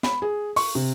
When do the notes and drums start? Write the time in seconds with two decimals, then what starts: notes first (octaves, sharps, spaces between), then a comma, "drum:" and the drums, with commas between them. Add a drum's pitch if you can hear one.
0.03 B5, drum: snare
0.22 G#4
0.56 C#6, drum: open hi-hat
0.75 C3